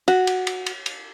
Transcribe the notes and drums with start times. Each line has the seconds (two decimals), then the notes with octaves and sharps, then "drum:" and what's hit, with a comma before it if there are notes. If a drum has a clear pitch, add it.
0.08 F#4, drum: cymbal
0.27 drum: cymbal
0.47 drum: cymbal
0.66 drum: cymbal
0.86 drum: cymbal